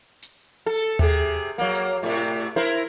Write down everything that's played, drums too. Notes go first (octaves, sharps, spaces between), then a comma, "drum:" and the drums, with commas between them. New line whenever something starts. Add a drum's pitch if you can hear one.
drum: hi-hat
A4
C3 G#4, drum: tom D#2
F#3 A#3
drum: hi-hat
A2 C3
E4 A#4 C5